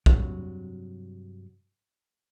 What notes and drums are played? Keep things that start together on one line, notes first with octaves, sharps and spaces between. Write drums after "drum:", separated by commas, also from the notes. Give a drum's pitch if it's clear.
G2 C3 F#3, drum: kick